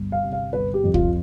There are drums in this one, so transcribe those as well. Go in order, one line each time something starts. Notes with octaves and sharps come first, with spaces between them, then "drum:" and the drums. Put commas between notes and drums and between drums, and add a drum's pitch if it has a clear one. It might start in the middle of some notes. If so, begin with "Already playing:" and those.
Already playing: G1
F5
C3
F5
G1 B4
G4
F2
F4, drum: kick